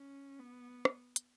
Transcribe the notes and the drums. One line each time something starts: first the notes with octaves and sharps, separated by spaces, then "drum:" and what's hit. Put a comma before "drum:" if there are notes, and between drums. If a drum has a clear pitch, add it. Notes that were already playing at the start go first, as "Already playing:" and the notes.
Already playing: C#4
B3
drum: rim click
drum: hi-hat